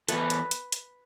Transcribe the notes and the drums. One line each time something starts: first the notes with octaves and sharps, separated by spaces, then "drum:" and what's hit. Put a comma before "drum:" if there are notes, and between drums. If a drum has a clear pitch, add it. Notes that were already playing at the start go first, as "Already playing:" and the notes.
E3 B3 E4 A4 B4, drum: hi-hat
drum: hi-hat
drum: hi-hat
drum: hi-hat